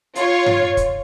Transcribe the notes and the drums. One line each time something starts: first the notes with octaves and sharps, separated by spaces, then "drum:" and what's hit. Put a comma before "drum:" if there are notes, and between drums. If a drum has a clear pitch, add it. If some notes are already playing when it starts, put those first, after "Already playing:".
F4 C#5, drum: hi-hat
drum: tom G2
drum: kick, hi-hat